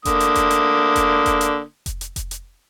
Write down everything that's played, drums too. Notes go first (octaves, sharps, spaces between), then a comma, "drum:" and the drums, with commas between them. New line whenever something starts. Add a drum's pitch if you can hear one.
D3 A#3 D#6, drum: kick F1, hi-hat
drum: hi-hat
drum: kick F1, hi-hat
drum: hi-hat
drum: kick F1, hi-hat
drum: kick F1, hi-hat
drum: hi-hat
drum: kick F1, hi-hat
drum: hi-hat
drum: kick F1, hi-hat
drum: hi-hat